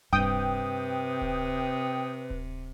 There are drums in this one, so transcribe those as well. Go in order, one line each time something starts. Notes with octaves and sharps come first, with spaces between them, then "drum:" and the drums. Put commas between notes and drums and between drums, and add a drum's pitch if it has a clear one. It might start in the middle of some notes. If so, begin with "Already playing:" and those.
G2 C3 B4 G5 D#6, drum: kick D1
drum: kick D1
drum: kick D1